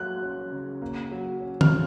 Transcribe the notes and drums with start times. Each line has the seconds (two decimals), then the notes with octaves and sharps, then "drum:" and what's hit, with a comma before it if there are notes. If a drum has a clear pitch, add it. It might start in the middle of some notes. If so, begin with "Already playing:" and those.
Already playing: F#3 A#3 F#6
0.22 C#4
0.52 C#3
0.82 A#3
1.11 F#3
1.41 C#4
1.61 F6, drum: tom
1.70 C#3